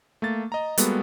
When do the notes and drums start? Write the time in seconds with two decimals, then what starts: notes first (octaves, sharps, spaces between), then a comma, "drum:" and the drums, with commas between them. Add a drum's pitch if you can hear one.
0.22 A3 A#3 A6
0.52 D#5 A#5
0.78 G3 G#3 A#3 B3 F#4 A4, drum: hi-hat